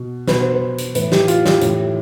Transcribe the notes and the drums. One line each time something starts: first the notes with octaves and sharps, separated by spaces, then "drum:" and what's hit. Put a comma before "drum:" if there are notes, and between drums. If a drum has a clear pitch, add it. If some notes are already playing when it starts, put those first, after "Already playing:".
Already playing: B2
B2 B4, drum: snare
C5
B4
drum: hi-hat
A2 E3 B4, drum: hi-hat
G4, drum: snare
F4, drum: hi-hat
G4, drum: snare
A2 E3, drum: hi-hat